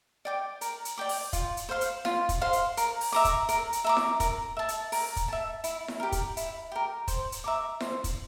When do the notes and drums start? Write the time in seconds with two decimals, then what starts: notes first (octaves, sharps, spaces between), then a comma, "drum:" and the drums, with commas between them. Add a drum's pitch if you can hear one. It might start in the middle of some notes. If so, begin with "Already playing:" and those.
0.25 D5 G5 D6
0.61 A#4, drum: hi-hat
0.85 drum: hi-hat
0.98 D5 G5 D6
1.09 drum: open hi-hat
1.33 F4, drum: kick, hi-hat
1.57 drum: hi-hat
1.69 C5 F5 C6
1.81 drum: hi-hat
2.05 F4, drum: snare E4
2.29 drum: kick, hi-hat
2.41 C5 F5 C6
2.53 drum: hi-hat
2.77 A#4, drum: hi-hat
3.01 drum: open hi-hat
3.12 E5 A#5 D6
3.25 drum: kick, hi-hat
3.49 A#4, drum: hi-hat
3.73 drum: hi-hat
3.84 E5 A#5 D6
3.97 drum: snare E4
4.20 A#4, drum: kick, hi-hat
4.57 E5 A5
4.68 drum: hi-hat
4.92 A#4, drum: open hi-hat
5.16 drum: kick, hi-hat
5.28 E5 A5
5.64 E4, drum: hi-hat
5.88 drum: snare E4
6.00 G4 A#4
6.12 drum: kick, hi-hat
6.37 E4, drum: hi-hat
6.72 G4 A#4
7.08 C5, drum: kick, hi-hat
7.32 drum: hi-hat
7.44 E5 A#5 D6
7.80 C5, drum: snare E4
8.04 drum: kick, hi-hat